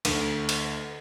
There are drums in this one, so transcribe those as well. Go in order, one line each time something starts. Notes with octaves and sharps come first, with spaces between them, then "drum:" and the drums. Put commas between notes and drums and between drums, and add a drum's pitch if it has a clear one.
D2, drum: cymbal
drum: cymbal